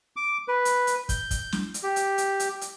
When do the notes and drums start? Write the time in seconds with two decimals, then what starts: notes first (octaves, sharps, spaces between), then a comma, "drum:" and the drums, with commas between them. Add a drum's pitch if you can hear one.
0.16 D6
0.48 B4
0.65 drum: hi-hat
0.87 drum: hi-hat
1.09 G6, drum: kick, hi-hat
1.31 drum: kick, hi-hat
1.52 drum: snare
1.74 drum: hi-hat
1.83 G4
1.96 drum: hi-hat
2.18 drum: hi-hat
2.40 drum: hi-hat
2.61 drum: hi-hat